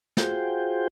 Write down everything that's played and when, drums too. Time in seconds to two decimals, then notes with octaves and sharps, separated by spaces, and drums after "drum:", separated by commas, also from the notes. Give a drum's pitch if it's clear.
0.17 F4 F#4 G#4 C5 G5, drum: snare